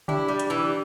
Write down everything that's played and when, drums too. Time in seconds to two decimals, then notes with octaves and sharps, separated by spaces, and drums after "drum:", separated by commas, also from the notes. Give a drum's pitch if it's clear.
0.08 D4 E4 G4, drum: tom C#3
0.28 G3
0.39 drum: hi-hat
0.50 E3